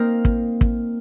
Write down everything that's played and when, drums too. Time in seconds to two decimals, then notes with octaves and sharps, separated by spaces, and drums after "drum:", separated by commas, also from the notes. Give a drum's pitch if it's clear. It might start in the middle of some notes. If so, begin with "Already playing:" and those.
Already playing: A#3 C4 D#4 A#4 C5 D#5
0.25 drum: kick
0.61 drum: kick